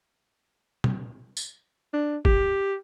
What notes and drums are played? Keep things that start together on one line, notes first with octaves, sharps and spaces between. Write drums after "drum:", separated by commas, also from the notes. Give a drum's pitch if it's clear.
drum: tom
drum: tambourine
D4
G4, drum: kick